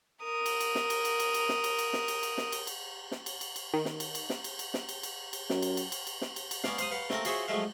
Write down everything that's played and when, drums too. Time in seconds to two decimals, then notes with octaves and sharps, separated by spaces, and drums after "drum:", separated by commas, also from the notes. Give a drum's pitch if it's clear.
0.24 A#4 D#6
0.46 drum: cymbal
0.60 drum: cymbal
0.75 drum: snare
0.90 drum: cymbal
1.05 drum: cymbal
1.20 drum: cymbal
1.34 drum: cymbal
1.49 drum: snare
1.64 drum: cymbal
1.79 drum: cymbal
1.93 drum: snare
2.08 drum: cymbal
2.23 drum: cymbal
2.38 drum: snare
2.52 drum: cymbal
2.67 drum: cymbal
3.11 drum: snare
3.26 drum: cymbal
3.41 drum: cymbal
3.56 drum: cymbal
3.73 D#3
3.85 drum: snare
4.00 drum: cymbal
4.15 drum: cymbal
4.30 drum: snare
4.44 drum: cymbal
4.59 drum: cymbal
4.74 drum: snare
4.89 drum: cymbal
5.03 drum: cymbal
5.33 drum: cymbal
5.50 F#2, drum: snare
5.62 drum: cymbal
5.77 drum: cymbal
5.92 drum: cymbal
6.07 drum: cymbal
6.21 drum: snare
6.36 drum: cymbal
6.51 drum: cymbal
6.64 B3 C#4 D5 F5, drum: snare
6.78 C5 F5 D#6, drum: cymbal
6.91 B4 F5 F#5
7.10 A3 A#3 C4 A#4, drum: snare
7.25 F4 F#4 G#4 C5 C#5 E5, drum: cymbal
7.48 F3 F#3 G#3 A3 E5 F5